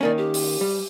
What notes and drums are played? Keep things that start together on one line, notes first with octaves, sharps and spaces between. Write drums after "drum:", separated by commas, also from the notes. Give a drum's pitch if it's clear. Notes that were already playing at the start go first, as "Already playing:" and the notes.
D#3 A#3 C#4 D5
G4
drum: open hi-hat
G3